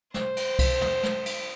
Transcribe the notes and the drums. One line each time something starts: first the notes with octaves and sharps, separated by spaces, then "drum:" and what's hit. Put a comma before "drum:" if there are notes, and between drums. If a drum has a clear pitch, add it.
C5, drum: snare
drum: cymbal
drum: kick C2, cymbal
drum: tom
drum: snare
drum: cymbal